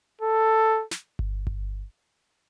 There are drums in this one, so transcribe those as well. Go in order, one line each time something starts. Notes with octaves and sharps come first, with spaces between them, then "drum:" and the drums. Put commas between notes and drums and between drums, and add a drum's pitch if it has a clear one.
A4
drum: snare
drum: kick G1
drum: kick G1